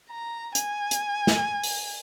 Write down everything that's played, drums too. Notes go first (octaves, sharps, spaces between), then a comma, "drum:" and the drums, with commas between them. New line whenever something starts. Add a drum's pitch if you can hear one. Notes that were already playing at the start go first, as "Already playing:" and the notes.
A#5
G#5, drum: hi-hat
drum: hi-hat
drum: snare
drum: open hi-hat